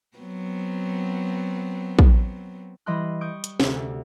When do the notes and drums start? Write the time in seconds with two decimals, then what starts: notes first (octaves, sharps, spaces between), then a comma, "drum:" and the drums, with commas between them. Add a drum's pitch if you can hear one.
0.17 F#3 B3 C4
1.99 drum: kick
2.86 E3 G3 D#5 B5 C6 F#6
3.21 C#6 D#6 G6 D7
3.44 drum: hi-hat
3.60 D2 C3, drum: snare